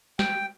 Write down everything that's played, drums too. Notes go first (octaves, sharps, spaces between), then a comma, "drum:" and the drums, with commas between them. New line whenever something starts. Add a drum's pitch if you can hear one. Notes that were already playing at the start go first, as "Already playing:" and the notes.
G5, drum: snare